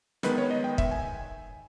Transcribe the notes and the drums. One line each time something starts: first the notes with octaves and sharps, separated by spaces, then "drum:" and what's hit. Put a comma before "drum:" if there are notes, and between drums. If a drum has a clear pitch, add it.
D#3 G#3 B3 B4, drum: snare
C#5
D#5
G5
E5, drum: kick
G#5